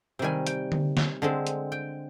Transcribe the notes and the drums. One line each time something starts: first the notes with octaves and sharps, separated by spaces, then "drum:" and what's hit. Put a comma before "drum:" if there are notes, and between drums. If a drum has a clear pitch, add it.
C3 D#3 G3 G#5
G5, drum: hi-hat
drum: tom D3
drum: snare
D3 G#3 C4
drum: hi-hat
G5